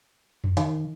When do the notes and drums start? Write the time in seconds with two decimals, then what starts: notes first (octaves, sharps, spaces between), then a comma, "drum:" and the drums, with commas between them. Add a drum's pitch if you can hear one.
0.44 drum: tom F2
0.57 D#3, drum: hi-hat